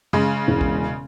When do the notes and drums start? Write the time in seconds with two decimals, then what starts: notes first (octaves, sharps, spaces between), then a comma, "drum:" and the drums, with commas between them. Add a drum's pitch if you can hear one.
0.13 C#3 G#3, drum: tom F#2
0.48 E1
0.61 drum: kick